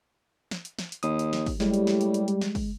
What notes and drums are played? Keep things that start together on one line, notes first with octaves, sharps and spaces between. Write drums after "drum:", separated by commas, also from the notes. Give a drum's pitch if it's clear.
drum: snare
drum: hi-hat
drum: snare
drum: hi-hat
D#2 D#6, drum: hi-hat
drum: hi-hat
drum: snare
drum: kick, open hi-hat
A2 G3 G#3, drum: snare
drum: hi-hat
drum: snare
drum: hi-hat
drum: hi-hat
drum: hi-hat
drum: snare
drum: kick, open hi-hat